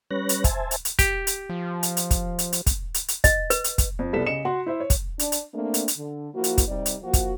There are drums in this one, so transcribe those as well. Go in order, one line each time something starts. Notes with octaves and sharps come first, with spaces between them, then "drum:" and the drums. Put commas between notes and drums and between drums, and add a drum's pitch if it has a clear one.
G3 C#4 B4 C#5 F#6 A#6
drum: hi-hat
C5 E5 G#5 A5, drum: kick, hi-hat
drum: hi-hat
drum: hi-hat
G4, drum: kick, hi-hat
drum: hi-hat
F3
drum: hi-hat
drum: hi-hat
drum: kick, hi-hat
drum: hi-hat
drum: hi-hat
drum: kick, hi-hat
drum: hi-hat
drum: hi-hat
D#5, drum: kick, hi-hat
B4, drum: hi-hat
drum: hi-hat
drum: kick, hi-hat
F2
C2 G3 B3 A4 B6 E7
C#3 D#5 C#7 E7
F#4 F#5 C6
E4 C5 E5
C#5
drum: kick, hi-hat
D4, drum: hi-hat
drum: hi-hat
A3 A#3 C4 D4
drum: hi-hat
drum: hi-hat
D3
F3 A#3 E4 F#4
drum: hi-hat
drum: kick, hi-hat
C3 G3 D#4 D5
drum: hi-hat
F3 A#3 F#4
drum: kick, hi-hat